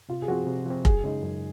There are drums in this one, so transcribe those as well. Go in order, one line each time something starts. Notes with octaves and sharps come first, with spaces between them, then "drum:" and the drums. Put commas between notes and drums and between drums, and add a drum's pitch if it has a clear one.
C3 F4
G#4
F3 C4 F#4
C3
F3 C4
F#2 G#4, drum: kick F1
C#3 G#3 D#4
F#2